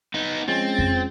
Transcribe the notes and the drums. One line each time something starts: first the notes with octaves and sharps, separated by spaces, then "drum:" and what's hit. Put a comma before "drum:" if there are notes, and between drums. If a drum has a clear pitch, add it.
B3 D#4
F3 G#3 C4 C#4 A6
drum: kick F2